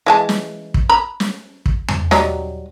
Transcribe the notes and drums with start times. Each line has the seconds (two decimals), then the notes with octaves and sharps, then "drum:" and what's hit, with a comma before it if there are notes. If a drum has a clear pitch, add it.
0.06 E3 G#3 A5
0.29 drum: snare
0.74 drum: kick
0.89 A#5 B5
1.20 drum: snare
1.66 drum: kick
1.88 drum: tom E2
2.11 F#3 G3 D#4, drum: snare